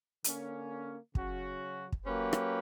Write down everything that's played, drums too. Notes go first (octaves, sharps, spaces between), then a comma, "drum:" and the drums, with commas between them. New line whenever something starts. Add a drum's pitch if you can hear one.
D3 A#3 C#4, drum: hi-hat
C#3 F#3 C#4 F#4, drum: kick
drum: kick
F#3 A#3 C#4 G4 B4
drum: rim click